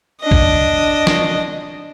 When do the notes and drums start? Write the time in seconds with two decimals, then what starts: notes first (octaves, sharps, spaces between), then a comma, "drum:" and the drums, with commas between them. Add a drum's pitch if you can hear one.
0.21 D4 D#5
0.31 drum: kick A1
1.07 drum: snare